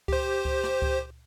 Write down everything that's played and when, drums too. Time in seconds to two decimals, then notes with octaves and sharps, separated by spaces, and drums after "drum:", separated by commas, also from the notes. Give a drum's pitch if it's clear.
0.08 G4 C5, drum: kick C#2
0.45 drum: kick C#2
0.64 drum: rim click
0.82 drum: kick C#2